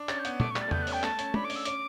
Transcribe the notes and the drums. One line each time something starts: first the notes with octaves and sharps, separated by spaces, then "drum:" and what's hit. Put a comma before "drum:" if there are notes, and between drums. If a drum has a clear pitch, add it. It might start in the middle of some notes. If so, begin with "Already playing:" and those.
Already playing: D4
C#4 A6, drum: clap
G6
B3, drum: hi-hat
A3 D6, drum: tom A#2
C#6
G3, drum: clap
A6
A3
B3 G6, drum: tom E2
F#6
C#4, drum: open hi-hat
G5
A3 A5, drum: clap
C#4, drum: hi-hat
D4 B5, drum: tom
D6
C#4, drum: open hi-hat
E6
C#4 D6, drum: hi-hat